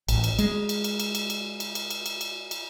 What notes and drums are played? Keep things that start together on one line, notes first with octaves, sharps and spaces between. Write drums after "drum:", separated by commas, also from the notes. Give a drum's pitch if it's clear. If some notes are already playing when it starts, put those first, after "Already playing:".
A1, drum: cymbal
drum: cymbal
G#3, drum: cymbal
drum: cymbal
drum: cymbal
drum: cymbal
drum: cymbal
drum: cymbal
drum: cymbal
drum: cymbal
drum: cymbal
drum: cymbal
drum: cymbal
drum: cymbal